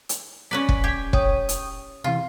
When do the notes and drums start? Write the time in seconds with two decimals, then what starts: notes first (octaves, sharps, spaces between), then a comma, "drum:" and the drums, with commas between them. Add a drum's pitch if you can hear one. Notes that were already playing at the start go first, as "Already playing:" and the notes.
0.09 drum: hi-hat
0.51 C#4 B4 D5 B6
0.69 drum: kick
0.84 G4 G#6 B6
1.13 C#5 G5 D#6, drum: kick
1.49 drum: hi-hat
2.04 C3 E3 F4